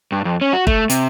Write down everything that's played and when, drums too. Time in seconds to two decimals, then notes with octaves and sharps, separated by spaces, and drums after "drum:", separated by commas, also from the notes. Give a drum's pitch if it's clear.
0.12 G2
0.25 F2
0.41 C#4
0.53 F#4
0.67 A3, drum: kick
0.90 C3, drum: hi-hat